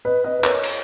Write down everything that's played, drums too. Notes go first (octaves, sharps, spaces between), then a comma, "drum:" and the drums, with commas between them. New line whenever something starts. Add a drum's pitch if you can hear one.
B4 D#5
B4 D#5
B4
A#4 C#5, drum: clap
drum: cymbal